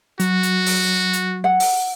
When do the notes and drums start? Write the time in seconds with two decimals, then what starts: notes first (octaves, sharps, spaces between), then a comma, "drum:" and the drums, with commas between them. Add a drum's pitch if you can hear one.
0.20 F#3 F#4, drum: hi-hat
0.43 drum: hi-hat
0.66 drum: open hi-hat
1.13 drum: hi-hat
1.44 F#5
1.60 drum: open hi-hat